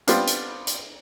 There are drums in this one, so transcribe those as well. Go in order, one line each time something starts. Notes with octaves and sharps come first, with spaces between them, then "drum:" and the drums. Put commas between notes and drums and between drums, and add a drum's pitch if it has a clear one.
G3 B3 C4 D4 F4, drum: hi-hat
drum: hi-hat
drum: hi-hat